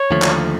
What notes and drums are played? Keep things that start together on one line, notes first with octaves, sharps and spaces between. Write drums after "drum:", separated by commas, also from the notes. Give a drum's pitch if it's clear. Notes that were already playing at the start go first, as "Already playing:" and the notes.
Already playing: C#5
D#2 D3 F3 A3
drum: clap